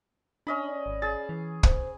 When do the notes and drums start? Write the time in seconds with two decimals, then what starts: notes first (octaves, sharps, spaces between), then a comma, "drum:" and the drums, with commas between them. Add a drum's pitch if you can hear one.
0.47 C#4 D4 D#5 B5
0.63 D5
0.86 G#1
1.02 G#4 E6 A6
1.29 E3
1.63 B1 C5, drum: kick